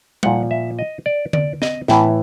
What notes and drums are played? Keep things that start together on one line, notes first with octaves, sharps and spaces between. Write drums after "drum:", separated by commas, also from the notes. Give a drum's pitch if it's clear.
A#2 F3 F#5, drum: tom G3
E5
D#5
D5
D5, drum: tom D3
D#5, drum: snare
A2 E3 E5, drum: snare